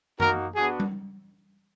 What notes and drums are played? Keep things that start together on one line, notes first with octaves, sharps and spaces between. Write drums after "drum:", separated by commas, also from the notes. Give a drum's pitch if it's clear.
A#3 D#4 F#4 A#4, drum: tom F#2
B3 D4 F#4 G#4
drum: tom G3